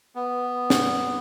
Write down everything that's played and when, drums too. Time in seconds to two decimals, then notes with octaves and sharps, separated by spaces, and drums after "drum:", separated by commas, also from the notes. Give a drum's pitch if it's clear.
0.15 B3
0.70 drum: snare